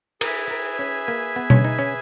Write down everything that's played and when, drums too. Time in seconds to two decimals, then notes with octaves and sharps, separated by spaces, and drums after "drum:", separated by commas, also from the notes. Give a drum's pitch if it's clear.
0.21 G#4 A#4 B4 E5 G#5, drum: cymbal
0.51 A#4
0.79 C#4
1.08 A#3
1.36 B3
1.50 C#4, drum: tom B2
1.65 D#4
1.79 C#4